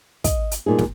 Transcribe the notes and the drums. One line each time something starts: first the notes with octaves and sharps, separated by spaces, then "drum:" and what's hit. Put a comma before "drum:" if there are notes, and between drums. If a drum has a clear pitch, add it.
D#5, drum: kick, hi-hat
drum: hi-hat
G2 A#2 D#4 G#4
drum: snare